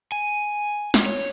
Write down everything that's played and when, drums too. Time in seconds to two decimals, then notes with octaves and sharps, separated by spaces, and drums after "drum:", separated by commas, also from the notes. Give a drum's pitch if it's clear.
0.12 G#5
0.94 drum: snare
1.06 C#5